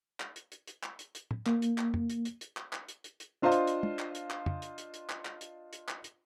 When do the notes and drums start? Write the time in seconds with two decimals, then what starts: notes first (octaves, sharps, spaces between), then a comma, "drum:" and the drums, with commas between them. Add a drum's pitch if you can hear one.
0.20 drum: clap
0.36 drum: hi-hat
0.52 drum: hi-hat
0.68 drum: hi-hat
0.83 drum: clap
0.99 drum: hi-hat
1.15 drum: hi-hat
1.31 drum: tom
1.46 A#3, drum: clap
1.62 drum: hi-hat
1.78 drum: clap
1.94 drum: tom F2
2.10 drum: hi-hat
2.25 drum: hi-hat
2.41 drum: hi-hat
2.57 drum: clap
2.73 drum: clap
2.88 drum: hi-hat
3.04 drum: hi-hat
3.20 drum: hi-hat
3.42 D4 F4 C5 D#5 F5 C6
3.52 drum: hi-hat
3.67 drum: hi-hat
3.83 drum: tom
3.99 drum: clap
4.15 drum: hi-hat
4.31 drum: clap
4.46 drum: tom F2
4.62 drum: hi-hat
4.78 drum: hi-hat
4.94 drum: hi-hat
5.09 drum: clap
5.25 drum: clap
5.41 drum: hi-hat
5.73 drum: hi-hat
5.88 drum: clap
6.04 drum: hi-hat